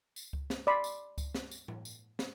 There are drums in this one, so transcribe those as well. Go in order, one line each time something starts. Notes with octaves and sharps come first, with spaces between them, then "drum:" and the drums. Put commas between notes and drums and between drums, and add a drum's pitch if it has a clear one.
drum: tambourine
drum: kick C#2
drum: snare
D5 B5 C6
drum: tambourine
drum: kick C#2, tambourine
drum: snare
drum: tambourine
drum: tom A2
drum: tambourine
drum: snare